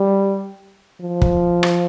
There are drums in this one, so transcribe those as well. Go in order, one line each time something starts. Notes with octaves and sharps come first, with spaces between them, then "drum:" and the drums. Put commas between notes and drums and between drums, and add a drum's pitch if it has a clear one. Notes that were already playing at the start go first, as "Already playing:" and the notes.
Already playing: G3
F3
drum: kick
drum: rim click